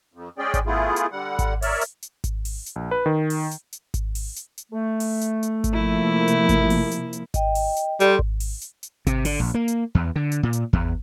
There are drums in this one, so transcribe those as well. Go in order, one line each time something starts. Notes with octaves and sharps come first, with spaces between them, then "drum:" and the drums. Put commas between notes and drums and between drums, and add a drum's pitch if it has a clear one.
F2
G#3 C#4 G#4 D5 G5
drum: kick G#1, hi-hat
A3 B3 E4 F4 G#4
drum: hi-hat
D3 G3 F#5
drum: kick G#1, hi-hat
A#4 C#5 D5 E5, drum: open hi-hat
drum: hi-hat
drum: hi-hat
drum: kick G#1, hi-hat
drum: open hi-hat
drum: hi-hat
A#1
B4
D#3
drum: open hi-hat
drum: hi-hat
drum: hi-hat
drum: kick G#1, hi-hat
drum: open hi-hat
drum: hi-hat
drum: hi-hat
A3
drum: open hi-hat
drum: hi-hat
drum: hi-hat
drum: kick G#1, hi-hat
C3 F3 A#3 E4
drum: hi-hat
drum: kick G#1, hi-hat
drum: open hi-hat
drum: hi-hat
drum: hi-hat
D#5 G5, drum: kick G#1, hi-hat
drum: open hi-hat
drum: hi-hat
G3 A4 D5 C6, drum: hi-hat
drum: kick G#1
drum: open hi-hat
drum: hi-hat
drum: hi-hat
C3, drum: kick G#1, hi-hat
D3, drum: open hi-hat
A#1
A#3
drum: hi-hat
E2
D3
drum: hi-hat
A#2
drum: hi-hat
E2, drum: kick G#1